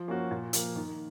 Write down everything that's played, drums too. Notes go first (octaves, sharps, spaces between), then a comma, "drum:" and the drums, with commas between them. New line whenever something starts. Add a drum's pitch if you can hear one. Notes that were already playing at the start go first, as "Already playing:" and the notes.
Already playing: F3
A#3 C#4 F#4
A#2
F3 A#3, drum: hi-hat
D#3